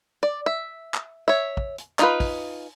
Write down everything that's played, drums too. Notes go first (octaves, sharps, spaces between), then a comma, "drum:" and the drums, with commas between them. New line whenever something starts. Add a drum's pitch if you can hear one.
D5
E5
drum: clap
C#5 E5
drum: kick
drum: hi-hat
D#4 F4 B4, drum: clap
drum: kick, open hi-hat